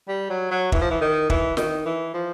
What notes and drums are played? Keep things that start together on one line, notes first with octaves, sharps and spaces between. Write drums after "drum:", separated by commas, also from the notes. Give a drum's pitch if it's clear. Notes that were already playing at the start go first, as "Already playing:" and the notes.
G3
F#3
F#3
E3, drum: kick
F3
E3
D#3
E3, drum: kick
D#3, drum: snare
E3
F3